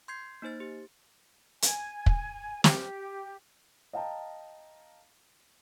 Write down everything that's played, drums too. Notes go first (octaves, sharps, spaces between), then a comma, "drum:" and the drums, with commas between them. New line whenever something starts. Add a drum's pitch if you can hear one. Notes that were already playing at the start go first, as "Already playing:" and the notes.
C6 G6 G#6 C7
A#3 D#4 C5 A6
G4
G#5, drum: hi-hat
drum: kick
G4, drum: snare
D#5 F5 G5 A5 A#5